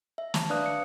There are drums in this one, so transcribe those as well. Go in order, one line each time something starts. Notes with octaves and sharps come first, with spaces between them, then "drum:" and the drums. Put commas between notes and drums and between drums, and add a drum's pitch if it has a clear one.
E5
A5, drum: snare
D4 B4 D5 F5 D#6 F#6
C#7